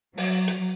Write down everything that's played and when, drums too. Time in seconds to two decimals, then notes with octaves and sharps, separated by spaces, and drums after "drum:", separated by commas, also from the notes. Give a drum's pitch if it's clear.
0.18 F#3, drum: open hi-hat
0.48 drum: hi-hat